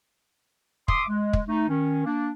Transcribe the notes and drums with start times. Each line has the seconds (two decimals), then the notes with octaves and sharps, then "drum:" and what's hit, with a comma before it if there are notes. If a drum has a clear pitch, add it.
0.88 E5 C6 D6 D#6, drum: kick
1.09 G#3
1.33 drum: kick
1.47 A3 D#4
1.68 D#3 C#4
2.05 A#3 D4